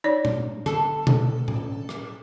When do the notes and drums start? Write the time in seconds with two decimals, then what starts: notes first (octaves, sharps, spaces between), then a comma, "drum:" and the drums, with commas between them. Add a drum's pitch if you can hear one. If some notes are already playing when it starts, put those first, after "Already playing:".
0.04 D#4 C#5 D5
0.25 drum: tom A#2
0.66 D3 B3 A4, drum: rim click
1.07 drum: tom B2
1.48 drum: tom A2
1.89 drum: rim click